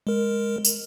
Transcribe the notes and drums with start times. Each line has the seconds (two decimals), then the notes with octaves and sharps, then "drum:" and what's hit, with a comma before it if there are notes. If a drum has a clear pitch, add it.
0.07 G#3 A#4
0.65 drum: tambourine